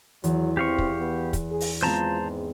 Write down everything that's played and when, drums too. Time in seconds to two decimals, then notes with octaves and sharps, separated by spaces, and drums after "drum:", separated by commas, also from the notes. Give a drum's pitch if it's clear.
0.24 E2 F#3, drum: hi-hat
0.57 C4 G4 F5 C#6
0.78 drum: kick
1.00 B3
1.33 drum: kick, hi-hat
1.51 G#4
1.61 drum: open hi-hat
1.83 G#3 B3 C4 F4 C5 A5 A#5
2.22 G#2